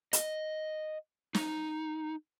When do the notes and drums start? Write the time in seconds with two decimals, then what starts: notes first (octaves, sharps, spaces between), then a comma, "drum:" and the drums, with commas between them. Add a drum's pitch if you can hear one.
0.13 D#5, drum: hi-hat
1.35 D#4, drum: snare